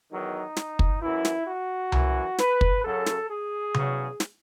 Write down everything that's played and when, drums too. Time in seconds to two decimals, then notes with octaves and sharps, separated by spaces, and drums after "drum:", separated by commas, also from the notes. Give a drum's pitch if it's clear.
0.11 E2 D#3 F#3 D#4
0.56 drum: snare
0.79 drum: kick
1.01 F#2 E3 E4
1.25 drum: snare
1.47 F#4
1.92 F#2 E3, drum: tom C2
2.38 B4, drum: snare
2.61 drum: kick
2.83 F#2 C#3 F#3 A4
3.06 drum: snare
3.30 G#4
3.74 E2 C#3 F#3, drum: tom C3
4.20 drum: snare